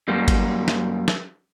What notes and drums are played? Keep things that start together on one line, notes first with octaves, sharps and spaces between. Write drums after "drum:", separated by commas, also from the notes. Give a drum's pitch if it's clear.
F#2 G3 A#3
drum: kick G#1, cymbal
drum: snare
drum: snare